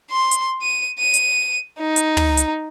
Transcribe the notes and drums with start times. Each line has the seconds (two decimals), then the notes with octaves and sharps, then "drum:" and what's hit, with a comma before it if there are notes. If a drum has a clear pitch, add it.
0.11 C6
0.31 drum: hi-hat
0.61 D#7
0.99 D#7
1.14 drum: hi-hat
1.80 D#4
1.96 drum: hi-hat
2.17 drum: tom
2.37 drum: hi-hat